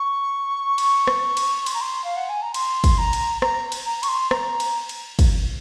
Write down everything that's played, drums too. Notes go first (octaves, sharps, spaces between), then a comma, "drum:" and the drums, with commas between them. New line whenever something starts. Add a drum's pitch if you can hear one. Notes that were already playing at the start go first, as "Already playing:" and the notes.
Already playing: C#6
drum: cymbal
drum: rim click
drum: cymbal
C6, drum: cymbal
A#5
C6
F5
F#5
G#5
A#5
C6, drum: cymbal
drum: kick, cymbal
A#5
drum: cymbal
A#5, drum: rim click
drum: cymbal
A#5
C#6, drum: cymbal
C6
A#5, drum: rim click
drum: cymbal
drum: cymbal
drum: kick, cymbal